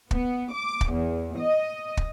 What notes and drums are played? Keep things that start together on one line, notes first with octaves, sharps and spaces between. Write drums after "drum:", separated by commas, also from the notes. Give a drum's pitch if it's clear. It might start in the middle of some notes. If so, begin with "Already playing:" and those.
B3, drum: kick
D6
drum: kick
E2
D#5
drum: kick